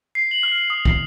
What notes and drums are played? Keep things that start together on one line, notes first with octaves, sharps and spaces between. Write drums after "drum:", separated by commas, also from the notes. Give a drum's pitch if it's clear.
C7
F#7
F6
D#6
C7, drum: kick